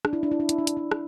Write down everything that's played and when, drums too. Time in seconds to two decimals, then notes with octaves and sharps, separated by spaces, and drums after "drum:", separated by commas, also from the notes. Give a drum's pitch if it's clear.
0.05 D4, drum: rim click
0.13 E4
0.23 D4
0.31 E4
0.40 D4
0.49 E4, drum: hi-hat
0.58 D4
0.67 E4, drum: hi-hat
0.77 D4
0.91 drum: rim click